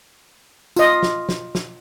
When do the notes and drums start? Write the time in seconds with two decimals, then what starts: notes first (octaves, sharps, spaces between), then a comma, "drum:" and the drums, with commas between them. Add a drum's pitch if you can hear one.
0.76 F4 D#5, drum: tambourine
1.03 drum: snare
1.29 drum: snare
1.55 drum: snare